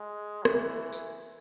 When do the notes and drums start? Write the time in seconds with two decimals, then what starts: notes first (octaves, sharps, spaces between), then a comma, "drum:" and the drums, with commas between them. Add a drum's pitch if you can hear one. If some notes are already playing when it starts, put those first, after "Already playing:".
Already playing: G#3
0.45 E3, drum: rim click
0.93 drum: tambourine